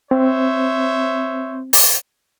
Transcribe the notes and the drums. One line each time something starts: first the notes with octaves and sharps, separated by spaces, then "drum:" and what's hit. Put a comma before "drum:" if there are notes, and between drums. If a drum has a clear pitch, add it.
C4 C5 C#5 E5
drum: open hi-hat